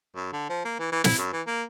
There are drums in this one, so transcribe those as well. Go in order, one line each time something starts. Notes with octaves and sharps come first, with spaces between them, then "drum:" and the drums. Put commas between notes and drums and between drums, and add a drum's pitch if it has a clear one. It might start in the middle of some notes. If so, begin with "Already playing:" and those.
F#2
D3
F3
A#3
E3
E3
E4, drum: snare
F#2
E3
A#3